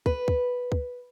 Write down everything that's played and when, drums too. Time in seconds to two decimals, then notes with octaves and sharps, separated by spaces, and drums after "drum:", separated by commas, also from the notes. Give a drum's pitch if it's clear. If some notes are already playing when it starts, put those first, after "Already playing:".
0.06 B4, drum: kick
0.28 drum: kick
0.72 drum: kick